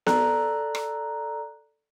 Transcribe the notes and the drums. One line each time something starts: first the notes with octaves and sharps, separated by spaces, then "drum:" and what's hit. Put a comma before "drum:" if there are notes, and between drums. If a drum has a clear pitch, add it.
A4 D5 A#5 F#6, drum: snare B3
drum: rim click